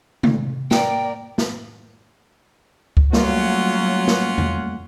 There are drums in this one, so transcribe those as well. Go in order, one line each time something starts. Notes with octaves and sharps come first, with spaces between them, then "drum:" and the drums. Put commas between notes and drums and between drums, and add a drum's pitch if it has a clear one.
drum: tom
A#3 A#4 D5 G5, drum: snare
drum: snare
drum: kick C#2
F#3 G3 A3 A#3 C#4 F4 F#5, drum: snare
drum: snare
drum: tom E2